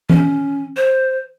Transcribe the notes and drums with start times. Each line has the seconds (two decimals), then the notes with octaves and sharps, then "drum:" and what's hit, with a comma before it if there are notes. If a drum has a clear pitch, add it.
0.10 C#4, drum: tom E3
0.77 C5